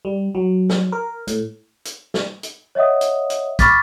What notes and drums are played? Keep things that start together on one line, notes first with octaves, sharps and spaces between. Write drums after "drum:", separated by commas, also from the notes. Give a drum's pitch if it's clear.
G3
F#3
drum: snare
A#4
A2, drum: hi-hat
drum: hi-hat
drum: snare
drum: hi-hat
C#5 D#5 E5 F#5 D#6
drum: hi-hat
drum: hi-hat
B5 C#6 D6 F6 A6 B6, drum: kick, hi-hat